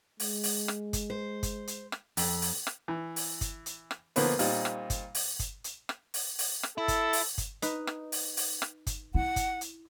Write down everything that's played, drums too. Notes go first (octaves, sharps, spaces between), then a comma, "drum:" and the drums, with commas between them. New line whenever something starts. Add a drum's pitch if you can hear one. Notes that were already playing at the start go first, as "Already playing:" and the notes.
G#3, drum: open hi-hat
drum: open hi-hat
drum: rim click
drum: kick G1, hi-hat
C5
drum: kick G1, hi-hat
drum: hi-hat
drum: rim click
F2, drum: open hi-hat
drum: open hi-hat
drum: rim click
E3
drum: open hi-hat
drum: kick G1, hi-hat
drum: hi-hat
drum: rim click
D2 F3 A#3 B3 B4, drum: open hi-hat
A#2 G3 C4 D#4, drum: open hi-hat
drum: rim click
drum: kick G1, hi-hat
drum: open hi-hat
drum: kick G1, hi-hat
drum: hi-hat
drum: rim click
drum: open hi-hat
drum: open hi-hat
drum: rim click
E4 A4
drum: kick G1, hi-hat
drum: open hi-hat
drum: kick G1, hi-hat
D#4 B4, drum: hi-hat
drum: rim click
drum: open hi-hat
drum: open hi-hat
drum: rim click
drum: kick G1, hi-hat
E4 F#5
drum: kick G1, hi-hat
drum: hi-hat